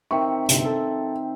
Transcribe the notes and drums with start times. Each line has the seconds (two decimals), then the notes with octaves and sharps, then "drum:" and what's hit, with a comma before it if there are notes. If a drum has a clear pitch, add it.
0.11 D#3 C4 E5 C#6
0.49 G1 C3, drum: hi-hat
0.65 A4